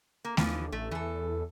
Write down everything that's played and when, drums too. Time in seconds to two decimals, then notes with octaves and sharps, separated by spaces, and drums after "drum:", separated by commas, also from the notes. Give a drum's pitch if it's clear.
0.25 A#3
0.37 D#2 D3 E3 F3, drum: snare A3
0.72 A1 A3
0.91 E2 E3 A4